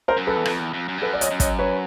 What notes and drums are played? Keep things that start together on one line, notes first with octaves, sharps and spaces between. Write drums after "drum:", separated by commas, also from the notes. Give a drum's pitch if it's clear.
A#4 C5
F#2
A4 B4
E2
F2, drum: rim click
E2
F2
F#2
G2
F#2 A4 B4
D5
C#5 D#5, drum: hi-hat
F#2
C#5 D#5, drum: kick, hi-hat
B4 C#5